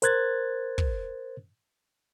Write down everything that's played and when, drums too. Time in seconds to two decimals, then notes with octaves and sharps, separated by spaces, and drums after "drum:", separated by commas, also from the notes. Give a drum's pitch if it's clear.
0.02 A#4 C5 F#6 G#6 A6, drum: hi-hat
0.78 drum: kick